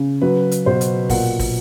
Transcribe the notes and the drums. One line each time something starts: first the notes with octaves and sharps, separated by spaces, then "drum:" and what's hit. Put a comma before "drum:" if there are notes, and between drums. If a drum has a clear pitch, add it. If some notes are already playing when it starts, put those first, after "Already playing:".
Already playing: C#3
F#3 B4
drum: hi-hat
B2 C5
drum: hi-hat
A#2 F#5, drum: kick, open hi-hat
drum: kick, open hi-hat